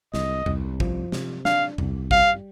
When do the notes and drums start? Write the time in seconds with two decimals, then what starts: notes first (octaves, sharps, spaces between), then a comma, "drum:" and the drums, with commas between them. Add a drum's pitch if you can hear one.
0.14 C2 D#5, drum: snare
0.46 C2, drum: tom E2
0.80 F3, drum: kick A1
1.12 C3, drum: snare
1.45 D4 F5, drum: snare
1.78 C2, drum: tom E2
2.11 G3 F5, drum: kick A1